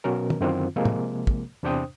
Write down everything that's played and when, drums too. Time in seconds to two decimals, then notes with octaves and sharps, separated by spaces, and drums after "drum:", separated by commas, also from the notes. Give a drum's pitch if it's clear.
0.04 B2 F#3 C#4 A#4
0.30 drum: tom
0.40 F#2 D3 D#3 C4 F4
0.76 C3 F3 G#3 A#3
0.85 drum: tom
1.27 drum: kick
1.63 E2 C3 D4 C5 G5 D#6